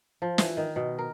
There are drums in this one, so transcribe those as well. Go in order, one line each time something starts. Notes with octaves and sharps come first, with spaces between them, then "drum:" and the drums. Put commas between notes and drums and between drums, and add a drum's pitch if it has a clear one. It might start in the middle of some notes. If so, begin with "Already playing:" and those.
F3
E3, drum: snare
D#3
B2
A#4